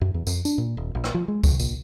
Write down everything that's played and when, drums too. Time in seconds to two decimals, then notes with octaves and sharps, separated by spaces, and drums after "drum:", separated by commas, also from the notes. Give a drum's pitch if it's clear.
0.01 F#2
0.14 E2
0.27 F2, drum: tambourine
0.45 D4, drum: tambourine
0.58 A#2
0.77 D#1
0.95 A#1
1.04 drum: rim click
1.14 F3
1.28 G#3
1.44 C#2, drum: kick C#2, tambourine
1.59 A#1, drum: tambourine